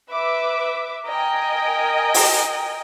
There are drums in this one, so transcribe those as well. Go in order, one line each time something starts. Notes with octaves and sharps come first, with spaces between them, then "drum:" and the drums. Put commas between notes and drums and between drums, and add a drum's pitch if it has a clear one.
B4 E5 D6
A#4 D#5 G5 G#5
drum: open hi-hat